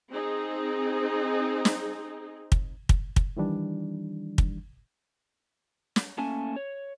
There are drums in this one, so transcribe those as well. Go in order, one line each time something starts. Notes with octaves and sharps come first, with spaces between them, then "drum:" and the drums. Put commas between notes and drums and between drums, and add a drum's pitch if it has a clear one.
C4 D#4 G#4
drum: snare
drum: kick
drum: kick
drum: kick
D#3 E3 G3 D4
drum: kick
drum: snare
A3 A#3 C#4 G#5 A5
C#5